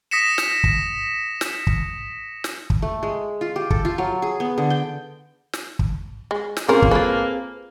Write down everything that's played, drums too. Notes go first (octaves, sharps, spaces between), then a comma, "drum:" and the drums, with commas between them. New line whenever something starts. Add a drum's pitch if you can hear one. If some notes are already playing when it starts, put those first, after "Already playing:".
D#6 A#6 B6 C#7 E7
drum: snare
drum: kick
drum: snare
drum: kick
drum: snare
drum: kick
A3
G#3
F4
G4
A4, drum: kick
F4
F#3
G#4
B3
D3
G5
drum: snare
drum: kick
G#3
drum: snare
A#3 C4 C#4 F4 G#4 A#4 C5
drum: kick
C4 F4 G#4 A4 B4